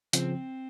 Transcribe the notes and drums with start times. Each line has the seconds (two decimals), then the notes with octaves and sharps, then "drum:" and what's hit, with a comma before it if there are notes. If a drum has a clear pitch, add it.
0.13 C#3 F3 C4, drum: hi-hat